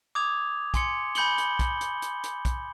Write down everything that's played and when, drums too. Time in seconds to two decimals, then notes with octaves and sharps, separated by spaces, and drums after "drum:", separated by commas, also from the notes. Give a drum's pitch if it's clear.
0.15 D6 D#6 G#6 F7
0.74 G#5 C6 C#7, drum: kick, hi-hat
1.15 G#5 B5 G6 C#7 F#7 G7, drum: hi-hat
1.38 drum: hi-hat
1.59 drum: kick, hi-hat
1.81 drum: hi-hat
2.02 drum: hi-hat
2.24 drum: hi-hat
2.45 drum: kick, hi-hat